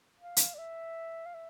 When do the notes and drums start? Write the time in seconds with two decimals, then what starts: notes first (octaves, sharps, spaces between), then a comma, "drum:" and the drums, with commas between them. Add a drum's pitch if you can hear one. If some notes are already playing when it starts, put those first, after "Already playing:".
0.21 F5
0.37 drum: hi-hat
0.54 D5
0.58 E5
1.26 F5
1.34 E5